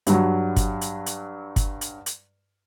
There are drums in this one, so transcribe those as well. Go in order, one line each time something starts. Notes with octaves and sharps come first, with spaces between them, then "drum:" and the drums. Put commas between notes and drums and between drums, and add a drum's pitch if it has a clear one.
G2 F#3, drum: hi-hat
drum: kick, hi-hat
drum: hi-hat
drum: hi-hat
drum: kick, hi-hat
drum: hi-hat
drum: hi-hat